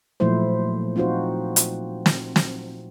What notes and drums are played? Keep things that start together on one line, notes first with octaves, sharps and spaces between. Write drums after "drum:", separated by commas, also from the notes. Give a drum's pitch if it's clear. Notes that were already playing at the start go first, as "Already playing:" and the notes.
A#2 F3 F#3 A3 E4 C5
C4 D#4 F4 F#4 C5
drum: hi-hat
drum: snare
drum: snare